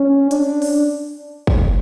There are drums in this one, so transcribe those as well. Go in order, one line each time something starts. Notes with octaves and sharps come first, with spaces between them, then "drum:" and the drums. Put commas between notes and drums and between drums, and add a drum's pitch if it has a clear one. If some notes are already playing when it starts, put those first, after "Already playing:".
Already playing: C#4
D4, drum: hi-hat
drum: open hi-hat
drum: kick